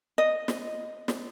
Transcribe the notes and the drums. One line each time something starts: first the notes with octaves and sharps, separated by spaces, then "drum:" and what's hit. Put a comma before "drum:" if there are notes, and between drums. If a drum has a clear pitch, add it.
D#5
drum: snare
drum: snare